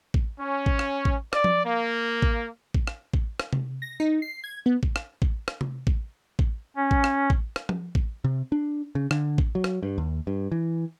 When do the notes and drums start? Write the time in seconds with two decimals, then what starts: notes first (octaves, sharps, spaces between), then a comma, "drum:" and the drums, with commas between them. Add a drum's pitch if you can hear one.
0.14 drum: kick A1
0.40 C#4
0.66 drum: kick A1
0.79 drum: rim click
1.05 drum: kick A1
1.33 D5, drum: rim click
1.44 drum: tom F3
1.65 A#3
2.22 drum: kick A1
2.74 drum: kick A1
2.87 drum: rim click
3.14 drum: kick A1
3.40 drum: rim click
3.53 drum: tom C3
3.82 A#6
4.00 D#4
4.22 C7
4.44 G#6
4.66 B3
4.83 drum: kick A1
4.96 drum: rim click
5.22 drum: kick A1
5.48 drum: rim click
5.61 drum: tom C3
5.87 drum: kick A1
6.39 drum: kick A1
6.76 C#4
6.91 drum: kick A1
7.04 drum: rim click
7.30 drum: kick A1
7.56 drum: rim click
7.69 drum: tom F3
7.95 drum: kick A1
8.24 C3
8.52 D4
8.95 C#3
9.11 D3, drum: rim click
9.38 drum: kick A1
9.55 F#3
9.64 drum: rim click
9.83 G2
9.98 D#2
10.27 G2
10.52 E3